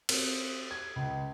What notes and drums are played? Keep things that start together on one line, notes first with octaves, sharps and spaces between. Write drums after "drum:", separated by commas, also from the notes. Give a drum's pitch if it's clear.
C4, drum: cymbal
G#6
C#2